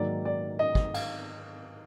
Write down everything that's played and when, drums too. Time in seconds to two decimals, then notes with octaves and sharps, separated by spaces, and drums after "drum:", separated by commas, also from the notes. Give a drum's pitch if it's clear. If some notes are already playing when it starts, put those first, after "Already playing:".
Already playing: G#2 D#3 F#3 A#3 D5
0.25 D5
0.59 D#5
0.75 drum: kick
0.94 F5, drum: cymbal